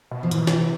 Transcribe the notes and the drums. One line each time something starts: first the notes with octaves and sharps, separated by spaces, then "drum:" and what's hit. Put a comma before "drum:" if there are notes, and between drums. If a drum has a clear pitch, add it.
B2
F3
A#2 E3, drum: hi-hat
B2
C3, drum: snare
B2
C3